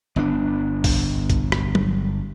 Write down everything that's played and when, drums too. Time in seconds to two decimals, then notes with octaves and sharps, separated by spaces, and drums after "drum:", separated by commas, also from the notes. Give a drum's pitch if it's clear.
0.16 G1 B3 D4
0.84 drum: kick B1, open hi-hat
1.30 drum: kick B1, hi-hat
1.52 drum: rim click
1.75 drum: tom F#3